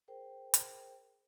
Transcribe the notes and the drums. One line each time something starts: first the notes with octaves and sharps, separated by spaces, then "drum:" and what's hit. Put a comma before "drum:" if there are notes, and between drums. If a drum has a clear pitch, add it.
G#4 A#4 C5 G5
drum: hi-hat